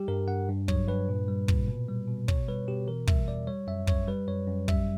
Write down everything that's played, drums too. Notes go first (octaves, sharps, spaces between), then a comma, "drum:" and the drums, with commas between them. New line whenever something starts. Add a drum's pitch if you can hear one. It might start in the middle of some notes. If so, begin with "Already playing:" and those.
Already playing: G3 G4
G2 A#4
G2 F#5
G2
F#3 C#5, drum: kick
G2 B4
A#2
G3
A#2, drum: kick
B2
G3
B2
B2 C#5, drum: kick
G3 B4
B2 G4
E3 A#4
G3 E5, drum: kick
E2 D5
G3 C#5
F#2 E5
F#2 C#5, drum: kick
G3 B4
F#2 C#5
F#2
G3 E5, drum: kick